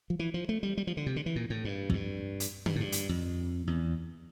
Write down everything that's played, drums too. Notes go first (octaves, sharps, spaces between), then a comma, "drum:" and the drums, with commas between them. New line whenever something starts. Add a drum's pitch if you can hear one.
F3
E3
F3
A3
G3
G3
F3
D3
C3
D3
E3
A#2
A2
G2
F2, drum: kick
G2
drum: hi-hat
G2, drum: tom D3
A2
G2
drum: hi-hat
F2
E2